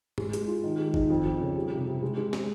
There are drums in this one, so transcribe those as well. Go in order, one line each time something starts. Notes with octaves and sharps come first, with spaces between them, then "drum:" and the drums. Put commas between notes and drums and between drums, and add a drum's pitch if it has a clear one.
G#3, drum: tom G#2
G#3, drum: hi-hat
F4
D#3
G#3
D#4, drum: kick G1
F2
F2
C#3
G3
C3
C3
G#3
G#3
G#3, drum: snare